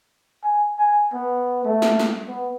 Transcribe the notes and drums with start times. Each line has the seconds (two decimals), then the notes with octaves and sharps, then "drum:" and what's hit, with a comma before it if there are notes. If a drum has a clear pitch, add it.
0.43 G#5
0.79 G#5
1.14 B3
1.65 A3
1.82 drum: snare
1.99 drum: snare
2.28 B3